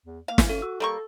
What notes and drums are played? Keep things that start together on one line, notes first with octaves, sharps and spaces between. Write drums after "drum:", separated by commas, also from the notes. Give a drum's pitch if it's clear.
E2
A#3 F5
drum: snare
C#4 A4
F#4 E6
G3 A#3 A4 C#6